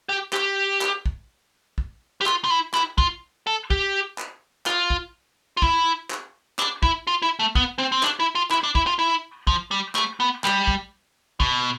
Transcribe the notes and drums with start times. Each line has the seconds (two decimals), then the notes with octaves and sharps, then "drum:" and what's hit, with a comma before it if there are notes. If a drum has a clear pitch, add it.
0.09 G4
0.33 G4, drum: clap
0.82 drum: clap
1.06 drum: kick
1.78 drum: kick
2.21 G4
2.26 F4, drum: clap
2.44 F4
2.50 E4
2.74 E4, drum: clap
2.98 F4, drum: kick
3.47 A4
3.70 G4, drum: kick
4.18 drum: clap
4.66 F4, drum: clap
4.90 drum: kick
5.57 F4
5.62 E4, drum: kick
6.11 drum: clap
6.59 D4, drum: clap
6.83 E4, drum: kick
7.07 F4
7.22 E4
7.39 A3
7.55 B3, drum: kick
7.78 C4
7.92 C4
8.03 D4, drum: clap
8.20 E4
8.35 F4
8.51 E4, drum: clap
8.63 D4
8.75 E4, drum: kick
8.87 F4
8.99 E4
9.47 F3, drum: kick
9.71 G3
9.95 A3, drum: clap
10.20 B3
10.44 G3, drum: clap
10.67 drum: kick
11.40 B2, drum: kick